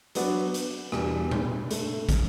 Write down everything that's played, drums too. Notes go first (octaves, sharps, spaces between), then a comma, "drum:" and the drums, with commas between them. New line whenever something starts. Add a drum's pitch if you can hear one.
F#3 B3 D4 F#4, drum: hi-hat
drum: hi-hat
E2 B2 G3 D4, drum: rim click
drum: tom A#2
A3 D4 A4 E5, drum: hi-hat
drum: kick, hi-hat